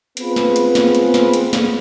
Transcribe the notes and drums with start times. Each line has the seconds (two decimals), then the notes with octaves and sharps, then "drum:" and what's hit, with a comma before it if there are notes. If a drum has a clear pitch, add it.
0.17 B3 C4 F4 G#4 B4, drum: hi-hat
0.36 drum: snare
0.56 drum: hi-hat
0.75 drum: snare
0.95 drum: hi-hat
1.14 drum: snare
1.34 drum: hi-hat
1.53 drum: snare